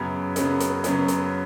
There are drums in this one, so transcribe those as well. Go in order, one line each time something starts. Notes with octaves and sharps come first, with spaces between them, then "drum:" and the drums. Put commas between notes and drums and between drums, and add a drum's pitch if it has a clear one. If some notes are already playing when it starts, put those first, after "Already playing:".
Already playing: F#2 C#3 F#3 B3
F#2 C#3 F#3 B3, drum: hi-hat
drum: hi-hat
F#2 C#3 F#3 B3, drum: hi-hat
drum: hi-hat